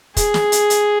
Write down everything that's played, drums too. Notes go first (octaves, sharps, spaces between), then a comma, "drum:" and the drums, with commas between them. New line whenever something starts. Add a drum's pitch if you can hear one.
G#4, drum: kick, hi-hat
drum: snare
drum: hi-hat
drum: hi-hat